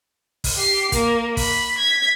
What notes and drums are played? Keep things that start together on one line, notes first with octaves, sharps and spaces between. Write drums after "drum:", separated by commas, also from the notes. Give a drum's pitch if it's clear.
drum: kick, open hi-hat
G4 C7
A#3, drum: kick, hi-hat
B5, drum: kick, open hi-hat
G#6 B6